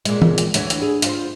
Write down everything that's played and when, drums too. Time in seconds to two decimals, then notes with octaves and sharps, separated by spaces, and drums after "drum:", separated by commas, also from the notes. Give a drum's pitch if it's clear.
0.05 A#2 G#3, drum: hi-hat
0.22 drum: tom E3
0.38 drum: hi-hat
0.54 D2 E3 C#5, drum: hi-hat
0.70 drum: hi-hat
0.82 G#4
1.02 F4 C5, drum: hi-hat